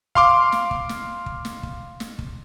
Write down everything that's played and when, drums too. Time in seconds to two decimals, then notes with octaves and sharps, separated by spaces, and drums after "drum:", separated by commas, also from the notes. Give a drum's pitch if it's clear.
0.15 F5 C6 D6, drum: kick
0.52 drum: snare
0.71 drum: kick
0.89 drum: snare
1.26 drum: kick
1.45 drum: snare
1.63 drum: kick
2.00 drum: snare
2.19 drum: kick